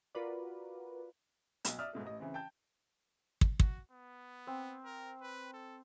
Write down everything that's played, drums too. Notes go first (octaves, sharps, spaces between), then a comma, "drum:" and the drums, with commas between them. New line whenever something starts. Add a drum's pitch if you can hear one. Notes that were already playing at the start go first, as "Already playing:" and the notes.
F4 F#4 A#4 B4 D5
B1, drum: hi-hat
D5 E5 D#6 F6
G#2 B2 A3
A1 D#5
C#3 E3 C4
G5 A5 G6
drum: kick
F#4, drum: kick
B3
C4
A#4
B4
A4